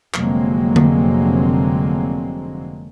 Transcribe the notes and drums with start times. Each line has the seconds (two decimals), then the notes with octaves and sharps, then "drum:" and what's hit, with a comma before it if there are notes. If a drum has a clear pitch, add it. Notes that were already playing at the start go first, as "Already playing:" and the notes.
0.14 F1 D3 F#3 G#3 A#3 C4, drum: clap
0.76 drum: tom D3